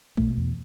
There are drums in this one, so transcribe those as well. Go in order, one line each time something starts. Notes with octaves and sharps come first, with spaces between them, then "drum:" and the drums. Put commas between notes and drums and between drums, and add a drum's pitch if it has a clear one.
B2 A3, drum: kick A#1
E2